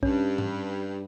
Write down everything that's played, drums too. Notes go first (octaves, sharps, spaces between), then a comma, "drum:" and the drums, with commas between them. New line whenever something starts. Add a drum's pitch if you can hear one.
G2 C#4, drum: kick
drum: tom G#2